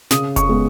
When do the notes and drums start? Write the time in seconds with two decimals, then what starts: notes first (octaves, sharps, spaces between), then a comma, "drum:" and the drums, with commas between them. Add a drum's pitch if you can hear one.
0.11 C#3 D#6, drum: snare
0.36 C#6, drum: kick F1, hi-hat
0.49 G#3 B3